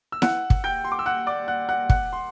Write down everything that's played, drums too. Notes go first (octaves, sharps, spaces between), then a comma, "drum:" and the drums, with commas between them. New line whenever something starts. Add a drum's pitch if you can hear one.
E6
F#5 F#6, drum: snare E4
drum: kick
G5 G6
C6
D6
E6
F#5 F#6
D5 D6
F#5 F#6
F#5 F#6
F#5 F#6, drum: kick
C6